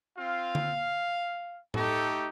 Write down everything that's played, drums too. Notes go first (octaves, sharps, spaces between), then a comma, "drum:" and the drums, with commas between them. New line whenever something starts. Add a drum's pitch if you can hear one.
C4 F4 F5
drum: tom D3
A3 D#4 G4 A4, drum: tom A2